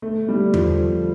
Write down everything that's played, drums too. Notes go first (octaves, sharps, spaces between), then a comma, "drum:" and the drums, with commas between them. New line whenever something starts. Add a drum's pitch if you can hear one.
A3
G3
F3, drum: tom E2